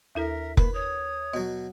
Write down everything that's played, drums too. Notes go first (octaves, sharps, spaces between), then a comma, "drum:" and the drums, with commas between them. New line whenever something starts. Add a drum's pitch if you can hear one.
D#2 E4 A4 A#4 E5
A#3 A#4 B4 B5, drum: kick F1
C#5 D#6
B2 F#3 D#5